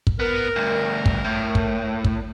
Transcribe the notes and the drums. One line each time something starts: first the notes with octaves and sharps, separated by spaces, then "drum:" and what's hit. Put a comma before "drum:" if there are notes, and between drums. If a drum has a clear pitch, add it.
drum: kick
B3 A#4
D2 G2
drum: kick
A2
drum: kick
drum: kick